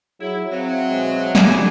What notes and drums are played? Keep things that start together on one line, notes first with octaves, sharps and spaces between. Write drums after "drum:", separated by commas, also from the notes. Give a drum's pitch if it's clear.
F#3 E4 G#4
F#3 C4 E5 F5
B2 G#3
D3 G#3 G4 G#5, drum: snare